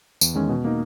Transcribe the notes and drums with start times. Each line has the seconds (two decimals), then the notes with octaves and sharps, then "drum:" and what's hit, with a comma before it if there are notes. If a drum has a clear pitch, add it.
0.21 E2, drum: tambourine
0.35 D#3 G#3 C#4
0.49 B2
0.65 A#3 D#4